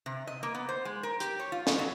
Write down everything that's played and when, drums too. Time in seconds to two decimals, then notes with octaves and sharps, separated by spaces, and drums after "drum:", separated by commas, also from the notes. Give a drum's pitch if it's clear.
0.06 C3
0.27 D#5
0.43 A#3
0.54 B3
0.69 C5
0.85 G#3
1.03 A#4
1.20 G4, drum: hi-hat
1.40 C#5
1.52 F4
1.67 C#5, drum: snare
1.79 F#3